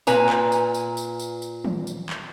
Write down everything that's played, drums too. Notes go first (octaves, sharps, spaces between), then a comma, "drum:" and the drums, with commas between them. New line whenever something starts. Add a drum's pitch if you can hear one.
A#2 B4 G#5 A#5, drum: tambourine
drum: clap
drum: tambourine
drum: tambourine
drum: tambourine
drum: tambourine
drum: tambourine
drum: tom
drum: tambourine
drum: clap